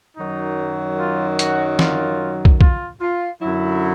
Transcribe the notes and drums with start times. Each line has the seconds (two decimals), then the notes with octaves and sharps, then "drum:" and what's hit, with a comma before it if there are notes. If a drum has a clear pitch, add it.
0.17 F#2 D#3 F#3 D#4
0.99 F4
1.39 F#4, drum: hi-hat
1.79 F4, drum: snare
2.45 drum: kick
2.61 F4, drum: kick
3.01 F4
3.41 F#2 D3 F#3 E4